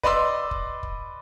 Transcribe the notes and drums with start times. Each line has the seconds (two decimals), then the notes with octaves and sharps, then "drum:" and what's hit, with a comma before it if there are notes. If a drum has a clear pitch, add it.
0.03 B4 D5 D#5 B5 C6 E6, drum: kick
0.51 drum: kick
0.83 drum: kick